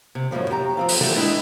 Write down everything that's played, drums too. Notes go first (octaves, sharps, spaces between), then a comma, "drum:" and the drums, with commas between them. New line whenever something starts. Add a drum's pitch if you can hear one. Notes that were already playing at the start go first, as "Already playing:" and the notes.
C3
F#2 A2 D3 F3 G3
F#4 G4 A#5
F3 C4 F4
drum: open hi-hat
E3 F3 G3 A3 A#3 A4
G#3 D4 E4 D#5 E5 G5